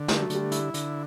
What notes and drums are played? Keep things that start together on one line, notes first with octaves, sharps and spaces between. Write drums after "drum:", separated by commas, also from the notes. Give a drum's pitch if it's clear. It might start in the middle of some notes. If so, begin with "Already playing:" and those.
Already playing: D3
G3 A3, drum: snare
F#3
D3 G3, drum: hi-hat
E4, drum: hi-hat
D3, drum: hi-hat